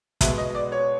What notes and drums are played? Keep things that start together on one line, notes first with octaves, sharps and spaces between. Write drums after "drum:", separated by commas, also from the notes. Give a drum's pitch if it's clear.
B2 G#3 B3 E5, drum: kick, hi-hat
D#5
D5
C#5